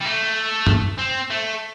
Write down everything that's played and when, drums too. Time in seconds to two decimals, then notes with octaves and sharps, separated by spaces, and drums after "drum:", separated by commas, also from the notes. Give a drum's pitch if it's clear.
0.01 G3
0.05 A3
0.67 drum: tom
0.99 C4
1.30 A3